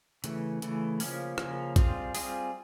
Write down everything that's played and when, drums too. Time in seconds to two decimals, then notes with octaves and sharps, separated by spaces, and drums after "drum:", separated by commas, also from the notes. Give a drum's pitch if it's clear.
0.24 C#3 E3 A3, drum: hi-hat
0.62 C#3 E3 A3, drum: hi-hat
1.00 C#3 F3 A#3 C#4, drum: open hi-hat
1.38 C#3 F3 A#3 C#4, drum: rim click
1.76 G3 C4 F4 G#4, drum: kick A1, hi-hat
2.15 G3 C4 F4 G#4, drum: open hi-hat